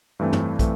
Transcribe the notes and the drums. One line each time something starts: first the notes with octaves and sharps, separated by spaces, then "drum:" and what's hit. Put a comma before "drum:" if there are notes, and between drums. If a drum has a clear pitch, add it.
G2 E3 A3 C4
drum: tom
E3 A3 C4, drum: kick, hi-hat